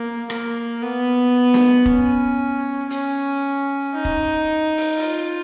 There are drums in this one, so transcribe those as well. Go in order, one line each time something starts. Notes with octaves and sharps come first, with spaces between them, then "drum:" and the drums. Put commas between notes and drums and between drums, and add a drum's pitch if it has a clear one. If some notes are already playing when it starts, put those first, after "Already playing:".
Already playing: A#3
A#3, drum: rim click
B3
drum: snare
C#4, drum: kick F1
C#4, drum: hi-hat
D#4
drum: kick F1
drum: open hi-hat
F4, drum: open hi-hat